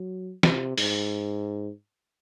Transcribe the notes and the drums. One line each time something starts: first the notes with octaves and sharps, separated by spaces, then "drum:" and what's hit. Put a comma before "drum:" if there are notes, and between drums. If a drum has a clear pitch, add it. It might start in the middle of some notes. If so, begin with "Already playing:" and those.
Already playing: F#3
C3, drum: snare
G#2, drum: open hi-hat